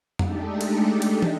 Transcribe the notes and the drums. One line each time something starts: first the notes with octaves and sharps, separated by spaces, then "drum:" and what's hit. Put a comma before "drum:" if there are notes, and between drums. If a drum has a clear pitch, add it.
G#3 A3 D4 D#4 G4 A4, drum: tom F2
drum: cymbal
drum: cymbal
drum: tom